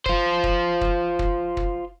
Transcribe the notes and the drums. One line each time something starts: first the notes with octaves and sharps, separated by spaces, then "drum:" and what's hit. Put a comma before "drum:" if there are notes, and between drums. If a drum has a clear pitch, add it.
F4 C5, drum: kick
drum: kick
drum: kick
drum: kick
drum: kick